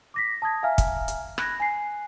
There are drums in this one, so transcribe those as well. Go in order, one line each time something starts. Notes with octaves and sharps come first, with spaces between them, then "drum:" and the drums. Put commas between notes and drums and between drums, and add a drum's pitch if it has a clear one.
D6 A#6 B6
A5 D#6 G#6 A#6
E5 F5 G#5 A#5 F6
drum: kick, hi-hat
drum: hi-hat
B5 F#6 G#6 A#6, drum: rim click
G#5 C7